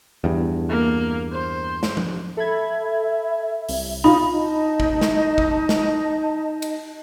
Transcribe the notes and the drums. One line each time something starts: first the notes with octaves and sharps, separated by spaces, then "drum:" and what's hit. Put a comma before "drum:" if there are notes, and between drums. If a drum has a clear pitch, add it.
E2 G2
A#3
C5
drum: snare
drum: tom F3
A4 E5 B5 G#6
C2, drum: open hi-hat
D#4 F4 B5
D#4 D#5 A5
drum: kick
drum: snare
drum: kick
drum: snare
drum: cymbal